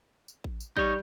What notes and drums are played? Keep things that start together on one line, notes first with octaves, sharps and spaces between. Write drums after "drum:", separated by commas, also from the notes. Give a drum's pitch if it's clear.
drum: tambourine
drum: kick A1
drum: tambourine
G3 D#4 C#5 G6, drum: kick A1